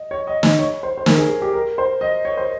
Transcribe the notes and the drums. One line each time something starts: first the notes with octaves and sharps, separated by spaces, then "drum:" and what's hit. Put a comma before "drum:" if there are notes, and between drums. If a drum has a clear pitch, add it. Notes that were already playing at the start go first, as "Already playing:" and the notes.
Already playing: D#5
C#5
D#5
D#5, drum: snare
C#5
C5
C5
A#4, drum: snare
G#4
G#4
G4
A#4
C5
D#5
C#5
C5